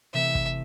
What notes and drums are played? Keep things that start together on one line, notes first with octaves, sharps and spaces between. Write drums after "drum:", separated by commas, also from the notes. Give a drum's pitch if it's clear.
C3 E3 A3 C4 E5
drum: kick